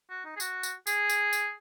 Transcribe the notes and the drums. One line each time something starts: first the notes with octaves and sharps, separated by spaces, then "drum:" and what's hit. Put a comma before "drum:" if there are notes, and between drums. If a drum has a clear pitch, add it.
F#4
D#4
G#4
F#4, drum: tambourine
drum: tambourine
G#4, drum: tambourine
drum: tambourine
drum: tambourine